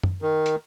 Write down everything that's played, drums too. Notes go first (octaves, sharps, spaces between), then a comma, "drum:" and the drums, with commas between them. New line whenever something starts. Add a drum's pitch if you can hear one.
drum: tom
D#3
drum: hi-hat